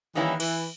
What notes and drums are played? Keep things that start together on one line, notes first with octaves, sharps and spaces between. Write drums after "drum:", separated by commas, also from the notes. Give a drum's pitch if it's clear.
D#3 E3 G3 A#3 C#4 E4
E3, drum: cymbal